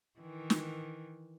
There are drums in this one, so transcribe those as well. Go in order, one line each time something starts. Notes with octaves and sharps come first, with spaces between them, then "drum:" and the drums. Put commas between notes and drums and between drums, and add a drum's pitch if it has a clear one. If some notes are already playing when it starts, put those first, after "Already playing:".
D#3 E3
drum: snare